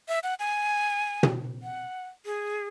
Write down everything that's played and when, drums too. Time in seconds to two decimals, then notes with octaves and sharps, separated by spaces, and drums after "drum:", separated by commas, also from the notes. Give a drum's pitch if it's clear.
0.08 E5
0.23 F#5
0.39 G#5
1.23 drum: tom
1.63 F#5
2.25 G#4